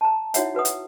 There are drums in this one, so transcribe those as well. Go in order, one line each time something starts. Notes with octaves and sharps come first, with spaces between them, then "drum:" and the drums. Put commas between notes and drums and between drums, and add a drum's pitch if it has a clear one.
A5 A#5
D#4 E4 F#4 C#5 E5 F#5, drum: hi-hat
F#4 B4 F#5 D#6
drum: hi-hat